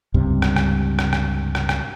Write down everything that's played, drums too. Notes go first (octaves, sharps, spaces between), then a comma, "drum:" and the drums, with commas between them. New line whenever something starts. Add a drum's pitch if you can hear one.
C#2 G2 C3 G3
drum: rim click
drum: rim click
drum: rim click
drum: rim click
drum: rim click
drum: rim click